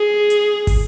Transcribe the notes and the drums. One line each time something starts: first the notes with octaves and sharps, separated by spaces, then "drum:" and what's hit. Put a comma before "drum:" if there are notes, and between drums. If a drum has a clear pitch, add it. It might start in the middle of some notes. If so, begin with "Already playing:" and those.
Already playing: G#4
drum: hi-hat
drum: kick, open hi-hat